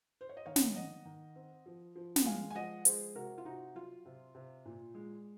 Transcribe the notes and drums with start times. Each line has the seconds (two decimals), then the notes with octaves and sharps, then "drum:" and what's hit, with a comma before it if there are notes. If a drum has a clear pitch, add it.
0.21 C5
0.29 C#5
0.37 D#5
0.46 D#3 C#5 F5
0.56 drum: snare
0.76 D#3 D#5 F#5
1.05 D#3
1.36 C4
1.66 F3
1.95 F3
2.16 drum: snare
2.25 G#3 F5 G#5
2.51 G#5
2.55 F3 D#5 F#5
2.85 G#3 G#4 C5, drum: hi-hat
3.15 C3 F#4 A#4
3.38 F4
3.45 C3 D#4 F#4
3.75 F#3 F4
4.05 C3
4.35 C3
4.66 A#2
4.95 G#3